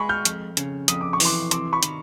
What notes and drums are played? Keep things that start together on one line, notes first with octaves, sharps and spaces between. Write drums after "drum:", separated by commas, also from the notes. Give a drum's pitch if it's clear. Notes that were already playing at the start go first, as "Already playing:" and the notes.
Already playing: G#3 G#5 B5 C#6
F6 G6
F2, drum: hi-hat
C#3, drum: hi-hat
F2 D#6, drum: hi-hat
D6
C#6
E3, drum: open hi-hat
C6 D6
C3 C6 D6, drum: hi-hat
B5 C#6
D#3, drum: hi-hat